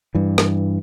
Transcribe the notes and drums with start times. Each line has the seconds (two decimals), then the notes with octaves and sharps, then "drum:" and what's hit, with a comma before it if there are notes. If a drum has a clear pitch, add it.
0.15 G2 E3
0.38 drum: rim click